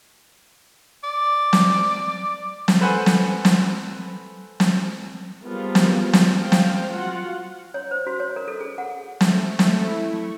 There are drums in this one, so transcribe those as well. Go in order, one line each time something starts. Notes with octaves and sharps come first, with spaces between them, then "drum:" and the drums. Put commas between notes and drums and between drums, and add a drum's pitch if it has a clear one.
D5
drum: snare
drum: snare
A4 B4 C5 F#5 G#5
drum: snare
drum: snare
drum: snare
F3 G3 A#3 B3 F4 G#4
drum: snare
drum: snare
G#4 C5 F5 G5
drum: snare
F4 F#4 F#5
C#5
C5
F#4
C#5
A#4
A4
G#4
F#5
A3, drum: snare
drum: snare
E4
C#6